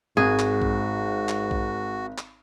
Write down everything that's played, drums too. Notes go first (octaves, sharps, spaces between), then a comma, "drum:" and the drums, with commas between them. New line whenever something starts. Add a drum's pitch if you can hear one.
G#1 G#2 F#4 G#4
drum: clap
drum: kick A#1
drum: clap
drum: kick A#1
drum: clap